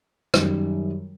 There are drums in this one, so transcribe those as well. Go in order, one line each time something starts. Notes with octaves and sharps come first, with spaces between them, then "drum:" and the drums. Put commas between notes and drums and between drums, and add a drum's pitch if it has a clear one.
F#2 D#3 G3, drum: rim click